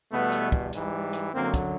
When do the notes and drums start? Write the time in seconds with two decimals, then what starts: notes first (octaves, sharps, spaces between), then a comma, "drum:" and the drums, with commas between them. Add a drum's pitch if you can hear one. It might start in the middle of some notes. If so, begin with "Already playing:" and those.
0.11 E2 B2 G3 A3 B3
0.32 drum: hi-hat
0.52 drum: kick
0.73 G#2 E3 G3, drum: hi-hat
1.13 drum: hi-hat
1.33 F#2 D3 F#3 A#3 C4
1.54 drum: kick, hi-hat